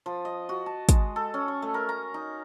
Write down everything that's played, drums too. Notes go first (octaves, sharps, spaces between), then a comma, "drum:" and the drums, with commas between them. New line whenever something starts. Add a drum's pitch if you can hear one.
F3
D#5
F#4
A5
G#3, drum: kick, hi-hat
A4
C#4
C#6
A3
A#4
A#5
D#4